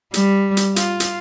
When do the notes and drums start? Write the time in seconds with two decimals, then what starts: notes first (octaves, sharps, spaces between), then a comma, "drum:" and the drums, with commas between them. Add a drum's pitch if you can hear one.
0.14 G3, drum: hi-hat
0.57 drum: hi-hat
0.76 F4, drum: hi-hat
1.00 drum: hi-hat